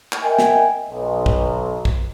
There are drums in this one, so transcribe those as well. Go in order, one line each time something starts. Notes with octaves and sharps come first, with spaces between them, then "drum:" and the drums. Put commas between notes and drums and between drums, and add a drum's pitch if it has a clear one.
drum: clap
A#4 D#5 E5 G5 G#5
drum: snare
B1
drum: kick
drum: kick